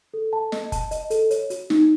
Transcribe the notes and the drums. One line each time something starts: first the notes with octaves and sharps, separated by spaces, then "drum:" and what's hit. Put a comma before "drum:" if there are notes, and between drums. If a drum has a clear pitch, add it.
A4
A5
D#5, drum: snare
A5, drum: kick F1, hi-hat
D#5, drum: hi-hat
A4, drum: hi-hat
C#5, drum: hi-hat
F#4, drum: hi-hat
D#4, drum: snare